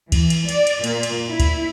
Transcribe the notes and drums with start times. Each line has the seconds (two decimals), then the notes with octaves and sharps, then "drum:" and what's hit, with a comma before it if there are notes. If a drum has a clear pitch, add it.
0.12 E3, drum: kick C#2, cymbal
0.30 drum: cymbal
0.49 D5, drum: cymbal
0.67 drum: cymbal
0.84 A#2, drum: cymbal
1.03 drum: cymbal
1.30 E4
1.40 drum: kick C#2, cymbal